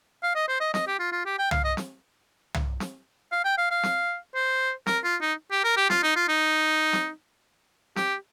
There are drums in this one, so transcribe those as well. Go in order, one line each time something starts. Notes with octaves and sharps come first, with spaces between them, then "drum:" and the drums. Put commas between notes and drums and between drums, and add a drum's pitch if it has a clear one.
F5
D#5
C5
D#5
D#5, drum: snare
G4
F4
F4
G4
G5
F5, drum: tom
D#5
drum: snare
drum: tom
drum: snare
F5
G5
F5
F5
drum: snare
C5
A#4, drum: snare
F4
D#4
G4
A#4
G4
F4, drum: snare
D#4
F4
D#4
drum: snare
G4, drum: snare